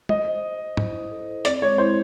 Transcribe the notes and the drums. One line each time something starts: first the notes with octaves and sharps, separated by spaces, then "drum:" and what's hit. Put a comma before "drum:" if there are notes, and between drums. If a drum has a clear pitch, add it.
C5 D#5, drum: tom
C5
C5
C5
E4, drum: tom
C5
A4
C5
C4 D5, drum: hi-hat
G#3 C#5
E4 C5